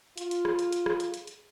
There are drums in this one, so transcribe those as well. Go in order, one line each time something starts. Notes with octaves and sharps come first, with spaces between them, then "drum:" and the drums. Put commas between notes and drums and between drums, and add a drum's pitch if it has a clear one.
F4, drum: hi-hat
drum: hi-hat
drum: rim click
drum: hi-hat
drum: hi-hat
drum: rim click
drum: hi-hat
drum: hi-hat
drum: hi-hat